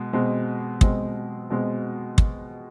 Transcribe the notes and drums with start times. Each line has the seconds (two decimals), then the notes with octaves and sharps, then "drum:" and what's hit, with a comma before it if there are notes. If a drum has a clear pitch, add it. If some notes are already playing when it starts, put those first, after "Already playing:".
Already playing: B2 G#3
0.13 B2 G#3 C4
0.81 B2 G#3 C4, drum: kick
1.50 B2 G#3 C4
2.18 drum: kick